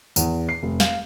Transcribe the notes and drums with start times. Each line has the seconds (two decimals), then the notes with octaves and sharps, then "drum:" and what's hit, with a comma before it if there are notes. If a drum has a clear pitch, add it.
0.16 E2, drum: tambourine
0.49 C7
0.63 F1
0.80 F5, drum: snare